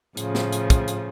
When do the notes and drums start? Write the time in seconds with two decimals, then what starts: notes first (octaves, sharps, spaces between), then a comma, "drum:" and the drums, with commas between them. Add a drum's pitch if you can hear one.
0.17 A2 C#3 F3, drum: hi-hat
0.35 drum: snare
0.52 drum: hi-hat
0.70 drum: kick, hi-hat
0.88 drum: hi-hat